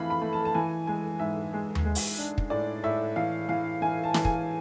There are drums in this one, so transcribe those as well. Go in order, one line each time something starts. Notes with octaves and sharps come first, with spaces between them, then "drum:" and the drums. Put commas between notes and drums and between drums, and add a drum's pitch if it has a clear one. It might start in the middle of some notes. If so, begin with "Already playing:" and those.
Already playing: F2 E3 A3 F5 B5
B5
A3
A5
A5
E3 G#5
G#3 G#5
G#2 E5
G#3
drum: tom D#2
G#3
drum: open hi-hat
D4
drum: kick
A2 D5
A2 E5
E3 F5
E3 F5
E3 G#5
A5
E3, drum: snare
G#5, drum: kick